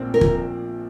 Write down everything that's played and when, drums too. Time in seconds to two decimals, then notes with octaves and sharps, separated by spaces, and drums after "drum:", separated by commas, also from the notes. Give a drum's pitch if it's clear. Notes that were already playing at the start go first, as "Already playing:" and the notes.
Already playing: A#1 A#2 C4
0.14 A#4
0.21 F3, drum: kick